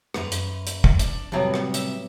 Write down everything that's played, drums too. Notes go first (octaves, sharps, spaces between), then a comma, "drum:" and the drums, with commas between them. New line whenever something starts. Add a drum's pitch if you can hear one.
F#2 B4 A#5, drum: rim click
drum: hi-hat
drum: hi-hat
drum: kick
D4, drum: hi-hat
A2 C3 F#3 G3 B3
drum: rim click
E5, drum: hi-hat